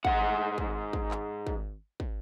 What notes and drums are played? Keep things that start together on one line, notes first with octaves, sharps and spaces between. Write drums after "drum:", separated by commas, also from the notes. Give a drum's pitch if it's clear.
G#2 F#5, drum: kick
drum: kick
drum: kick
drum: clap
drum: kick
drum: kick